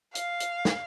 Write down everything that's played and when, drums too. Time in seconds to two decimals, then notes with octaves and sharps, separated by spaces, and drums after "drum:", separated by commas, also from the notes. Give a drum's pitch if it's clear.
0.15 F5, drum: hi-hat
0.40 drum: hi-hat
0.65 drum: snare